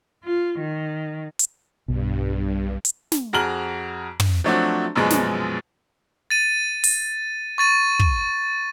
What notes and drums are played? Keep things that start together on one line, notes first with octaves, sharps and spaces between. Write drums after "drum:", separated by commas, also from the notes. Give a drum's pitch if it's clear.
F4
D#3
drum: hi-hat
B1 G2 B2
drum: hi-hat
drum: snare
F2 F#4 G#4 A#5 F6 F#7
drum: tom
F3 F#3 A3 C4 D4 F#4
A#1 F#2 B2 F3 G#3
drum: snare
A6 D#7
drum: open hi-hat
C#6 A6 D#7
drum: kick